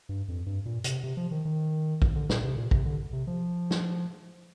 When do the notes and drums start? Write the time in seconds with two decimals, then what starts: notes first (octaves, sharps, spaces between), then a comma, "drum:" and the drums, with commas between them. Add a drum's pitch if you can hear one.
0.09 G2
0.28 F2
0.46 G2
0.66 A#2
0.84 C3, drum: hi-hat
1.04 C3
1.17 F3
1.31 D#3
1.45 D#3
2.02 drum: kick A#1
2.15 D3
2.29 A#2, drum: snare
2.43 C3
2.57 A#2
2.71 C3, drum: kick A#1
2.86 D3
3.13 C3
3.27 F3
3.71 drum: snare